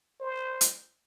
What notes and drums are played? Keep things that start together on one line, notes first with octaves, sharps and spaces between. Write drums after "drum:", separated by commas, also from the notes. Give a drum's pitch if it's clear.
C5
drum: hi-hat